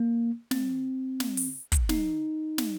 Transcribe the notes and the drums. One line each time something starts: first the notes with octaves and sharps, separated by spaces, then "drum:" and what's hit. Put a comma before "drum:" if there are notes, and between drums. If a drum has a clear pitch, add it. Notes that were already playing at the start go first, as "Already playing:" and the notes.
Already playing: A#3
C4, drum: snare
drum: snare
drum: open hi-hat
drum: kick, hi-hat
D#4, drum: snare
drum: snare